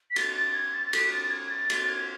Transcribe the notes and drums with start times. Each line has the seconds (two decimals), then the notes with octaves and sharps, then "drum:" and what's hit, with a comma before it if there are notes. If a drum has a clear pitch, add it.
0.10 B6
0.16 A6, drum: cymbal
0.35 A6
0.54 G#6
0.73 A6
0.86 A6
0.93 B6, drum: cymbal
1.12 A6
1.23 A6
1.30 G#6
1.50 A6
1.70 A6, drum: cymbal
1.88 G#6